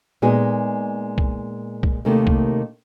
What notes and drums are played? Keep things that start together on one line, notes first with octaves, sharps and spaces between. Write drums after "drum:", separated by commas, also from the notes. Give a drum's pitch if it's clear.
A#2 G#3 B3 D#4 G#4
drum: kick
drum: kick
D#2 C3 D#3 A3 A#3
drum: kick